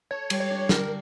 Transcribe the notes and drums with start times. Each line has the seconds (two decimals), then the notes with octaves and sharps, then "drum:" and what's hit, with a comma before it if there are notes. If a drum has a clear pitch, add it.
0.11 A4 C#5
0.30 G3, drum: cymbal
0.40 C#5
0.50 D4
0.69 D3 A#4, drum: snare